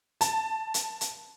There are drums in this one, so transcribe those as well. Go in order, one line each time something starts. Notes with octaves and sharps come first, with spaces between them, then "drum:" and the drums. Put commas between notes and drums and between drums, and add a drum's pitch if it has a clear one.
A5, drum: hi-hat
drum: hi-hat
drum: hi-hat